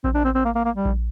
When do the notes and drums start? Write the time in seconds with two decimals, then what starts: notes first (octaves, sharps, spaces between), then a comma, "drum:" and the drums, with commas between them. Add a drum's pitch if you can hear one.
0.04 C4, drum: kick A#1
0.15 D4
0.24 C4
0.35 C4
0.45 A#3
0.55 A#3
0.65 A#3
0.75 G3
0.85 drum: kick A#1